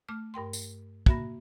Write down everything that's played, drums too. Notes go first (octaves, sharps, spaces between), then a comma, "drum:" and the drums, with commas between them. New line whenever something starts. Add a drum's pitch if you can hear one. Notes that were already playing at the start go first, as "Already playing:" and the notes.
A3 D6 F6
G2 A#4 G5 C6
drum: tambourine
A#3 F#4 E5 B5 A#6, drum: kick